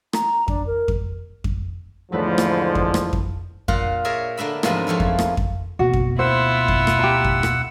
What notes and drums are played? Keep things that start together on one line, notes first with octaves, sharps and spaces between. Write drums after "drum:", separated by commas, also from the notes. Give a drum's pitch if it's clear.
A#5, drum: rim click
D4, drum: kick F2
A#4
drum: kick F2
drum: kick F2
E2 G#2 D3 F3 A3 B4
drum: rim click
drum: kick F2
drum: rim click
drum: kick F2
A#2 F4 F5 F#5, drum: kick F2
G#4 A#4 C#5 D5 E5
D3 A#3 D4 E5 B5
E2 G#2 C3 F3 A#3 B3, drum: rim click
F2 F3 E4 C#5
drum: kick F2
drum: rim click
drum: kick F2
D2 B2 A#3 F#4
drum: kick F2
E4 F4 C5 F#5 E6
drum: kick F2
drum: rim click
G4 A#5
drum: kick F2
drum: rim click